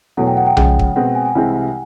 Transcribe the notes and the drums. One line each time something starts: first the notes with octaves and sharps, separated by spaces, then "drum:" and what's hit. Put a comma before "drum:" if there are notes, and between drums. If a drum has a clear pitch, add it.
E2 B2 F#3 A3 F#5
G5
F#5
G5
C#3 F3 G#3 G5, drum: tom B1
drum: kick
B2 G#3 C4 F#5
G5
G#5
G#5
C2 C3 E3 G#3 C4